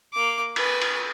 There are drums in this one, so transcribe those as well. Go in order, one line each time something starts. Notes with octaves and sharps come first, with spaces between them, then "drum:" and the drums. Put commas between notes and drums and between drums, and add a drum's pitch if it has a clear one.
A#3 D6
B4 G#5, drum: cymbal
drum: cymbal